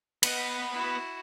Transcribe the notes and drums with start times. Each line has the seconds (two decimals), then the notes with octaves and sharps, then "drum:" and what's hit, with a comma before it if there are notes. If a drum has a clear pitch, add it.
0.23 B3 B4 D#5 F#5, drum: cymbal
0.72 E4 F#4